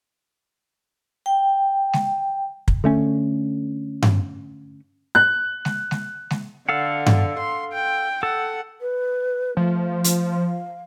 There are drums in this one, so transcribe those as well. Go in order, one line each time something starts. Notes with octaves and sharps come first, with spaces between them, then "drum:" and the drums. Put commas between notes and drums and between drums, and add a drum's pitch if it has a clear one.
G5
drum: snare G#3
drum: kick
D3 A3 C#4
drum: tom G2
F#6
drum: snare G#3
drum: snare G#3
drum: snare G#3
D3 A4 F5 F#5
drum: tom G2
C6
G5
A4 F#5
B4
F3 A3
drum: hi-hat
F5